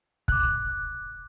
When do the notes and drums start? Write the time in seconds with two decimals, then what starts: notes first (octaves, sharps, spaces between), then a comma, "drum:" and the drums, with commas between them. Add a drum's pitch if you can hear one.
0.28 D6 F#6, drum: kick